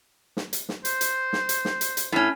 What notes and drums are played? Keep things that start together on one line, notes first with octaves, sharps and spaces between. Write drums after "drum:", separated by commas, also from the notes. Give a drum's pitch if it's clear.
drum: snare
drum: hi-hat
drum: snare
C5, drum: hi-hat
drum: hi-hat
drum: snare
drum: hi-hat
drum: snare
drum: hi-hat
drum: hi-hat
A2 C#4